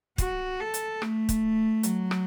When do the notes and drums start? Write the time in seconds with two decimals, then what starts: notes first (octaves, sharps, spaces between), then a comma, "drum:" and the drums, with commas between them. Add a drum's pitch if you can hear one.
0.18 F#4, drum: kick, hi-hat
0.60 A4
0.74 drum: hi-hat
1.02 A3, drum: rim click
1.29 drum: kick, hi-hat
1.83 F#3, drum: hi-hat
2.11 drum: rim click